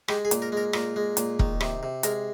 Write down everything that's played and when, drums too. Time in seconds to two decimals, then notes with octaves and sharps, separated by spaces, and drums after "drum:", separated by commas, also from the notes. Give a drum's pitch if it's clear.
0.08 G#3 G4, drum: rim click
0.25 G#4
0.31 A#2, drum: hi-hat
0.42 A#4
0.52 G#3 A#4
0.73 A#2 A#4, drum: rim click
0.96 G#3
1.17 A#2, drum: hi-hat
1.39 D#3, drum: kick E1
1.61 C3, drum: rim click
1.83 C3
2.03 G#3 A#4, drum: hi-hat